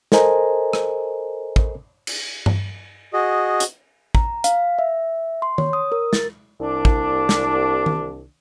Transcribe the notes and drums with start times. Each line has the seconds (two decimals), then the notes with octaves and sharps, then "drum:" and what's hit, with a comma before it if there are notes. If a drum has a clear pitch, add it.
0.12 A4 A#4 C5 D#5 G#5 A#5, drum: snare
0.73 drum: rim click
1.56 drum: kick
2.07 drum: cymbal
2.46 drum: tom G2
3.13 F#4 G#4 D#5
3.60 drum: hi-hat
4.15 A#5, drum: kick
4.44 F5, drum: hi-hat
4.79 E5
5.42 C6
5.58 C#5, drum: tom D#3
5.73 D#6
5.92 A#4
6.13 A6, drum: snare
6.60 C2 D4
6.85 drum: kick
7.29 drum: snare
7.86 drum: tom D#3